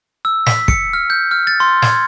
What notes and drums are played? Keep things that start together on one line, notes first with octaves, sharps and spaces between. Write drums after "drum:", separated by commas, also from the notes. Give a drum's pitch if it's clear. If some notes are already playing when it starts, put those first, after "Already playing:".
E6
B6, drum: snare
C#7, drum: kick
F6
G6
F6
A6
C6
G#6, drum: snare